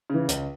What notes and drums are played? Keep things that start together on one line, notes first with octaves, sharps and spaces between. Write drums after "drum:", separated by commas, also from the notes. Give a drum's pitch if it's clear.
C#3 E3
C#2, drum: hi-hat